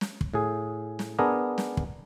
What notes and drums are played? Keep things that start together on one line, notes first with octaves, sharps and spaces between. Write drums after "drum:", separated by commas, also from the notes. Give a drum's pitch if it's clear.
drum: snare
drum: kick
A2 G#4
drum: snare
B3 D4 G#4 A#4
drum: snare
drum: kick